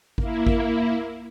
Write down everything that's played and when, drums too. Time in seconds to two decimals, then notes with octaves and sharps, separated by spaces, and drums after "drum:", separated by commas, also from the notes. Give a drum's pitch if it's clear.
0.18 A#3 E4, drum: kick G#1
0.47 drum: kick G#1